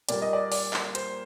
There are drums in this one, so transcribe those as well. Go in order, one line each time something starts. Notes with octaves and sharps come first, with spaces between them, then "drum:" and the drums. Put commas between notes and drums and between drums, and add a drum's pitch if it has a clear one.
A#2 G3 A#3 D5, drum: hi-hat
D#5
D5
D5, drum: open hi-hat
drum: clap
C5, drum: hi-hat